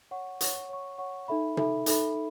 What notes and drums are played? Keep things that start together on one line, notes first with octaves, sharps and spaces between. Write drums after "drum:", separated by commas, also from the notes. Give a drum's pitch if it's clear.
C#5 F#5 C#6
C#5 F#5 C#6, drum: hi-hat
C#5 F#5 C#6
C#5 F#5 C#6
D#4 A4 E5 B5
D#4 A4 E5 B5, drum: tom
D#4 A4 E5 B5, drum: hi-hat
D#4